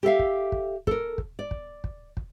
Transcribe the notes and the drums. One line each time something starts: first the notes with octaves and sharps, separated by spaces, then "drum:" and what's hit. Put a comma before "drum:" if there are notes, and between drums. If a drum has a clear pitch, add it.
G4 A4 E5 F5
drum: kick
drum: kick
A4 A#4, drum: kick
drum: kick
D5
drum: kick
drum: kick
drum: kick